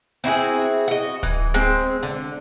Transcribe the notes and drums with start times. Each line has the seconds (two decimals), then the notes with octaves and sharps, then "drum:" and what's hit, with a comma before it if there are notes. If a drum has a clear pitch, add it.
0.24 C4 E4 F#4 G#4
0.88 F#4 D#5
1.23 E3, drum: kick D1
1.54 G#3 C4
2.03 D3